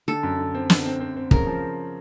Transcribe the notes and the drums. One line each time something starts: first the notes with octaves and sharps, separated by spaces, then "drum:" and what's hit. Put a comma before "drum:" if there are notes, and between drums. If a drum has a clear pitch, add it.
D3 A4
F#2
D3
C4
D3, drum: snare
C4
C4
C4
C#3 A#4, drum: kick
F3